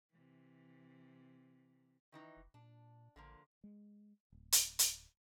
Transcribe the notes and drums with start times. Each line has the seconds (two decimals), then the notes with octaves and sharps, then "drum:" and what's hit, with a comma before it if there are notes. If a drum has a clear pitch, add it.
0.12 C3 E3
2.12 D#3 E3 D#4
2.37 F1
2.54 A#2 D4
3.16 A1 D3 F3 A#3
3.64 G#3
4.32 D1
4.52 drum: hi-hat
4.79 drum: hi-hat